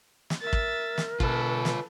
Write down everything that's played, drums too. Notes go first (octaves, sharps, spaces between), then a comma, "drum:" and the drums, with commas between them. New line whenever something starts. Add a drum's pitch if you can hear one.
drum: snare
A#4 E5 A6
drum: kick
drum: snare
B2 F4 A4 B4, drum: kick
drum: snare